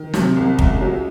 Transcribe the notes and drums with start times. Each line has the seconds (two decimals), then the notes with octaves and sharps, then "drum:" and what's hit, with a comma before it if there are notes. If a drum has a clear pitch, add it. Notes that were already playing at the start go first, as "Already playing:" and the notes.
Already playing: D#3
0.14 C3 F#3, drum: snare
0.36 C2
0.59 C#2, drum: kick
0.81 F#3